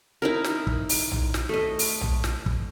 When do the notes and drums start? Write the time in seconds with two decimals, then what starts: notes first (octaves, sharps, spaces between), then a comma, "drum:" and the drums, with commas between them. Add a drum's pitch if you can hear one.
0.22 D#4 E4 A#4
0.44 drum: snare
0.67 drum: kick
0.89 drum: open hi-hat
1.12 drum: tom A#1
1.34 drum: snare
1.49 A3 D#5
1.79 drum: open hi-hat
2.01 drum: tom A#1
2.24 drum: snare
2.46 drum: kick